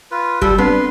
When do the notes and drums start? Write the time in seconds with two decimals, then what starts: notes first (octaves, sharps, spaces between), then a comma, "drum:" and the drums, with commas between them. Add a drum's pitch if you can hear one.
0.11 F4 B4
0.42 G3 A4, drum: kick F#1
0.58 G3 B3 C4 D4 B4 C6